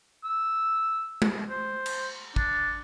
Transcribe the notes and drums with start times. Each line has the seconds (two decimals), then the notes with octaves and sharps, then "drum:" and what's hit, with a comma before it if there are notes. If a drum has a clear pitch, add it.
0.24 E6
1.22 drum: tom
1.49 C5
1.86 drum: cymbal
2.36 D4, drum: kick